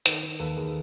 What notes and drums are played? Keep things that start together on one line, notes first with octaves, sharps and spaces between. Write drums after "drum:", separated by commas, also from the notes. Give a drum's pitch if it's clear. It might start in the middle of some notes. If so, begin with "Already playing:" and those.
D#3 A4 B4, drum: hi-hat
D#3
D#2 A4 B4
D#2 G#4 A#4